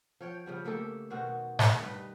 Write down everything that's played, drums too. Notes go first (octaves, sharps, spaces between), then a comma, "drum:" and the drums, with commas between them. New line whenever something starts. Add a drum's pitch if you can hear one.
F3 C#5 G5
C#3 F3 G3
A3 A#3 G4 A4
B2 D#3 F#4 C5
drum: snare G#2
G2 G3 B4 D#5